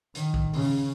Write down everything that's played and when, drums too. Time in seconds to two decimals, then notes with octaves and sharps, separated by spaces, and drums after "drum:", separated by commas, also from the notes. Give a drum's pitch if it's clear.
0.15 D#3, drum: hi-hat
0.34 drum: kick
0.53 C#3, drum: open hi-hat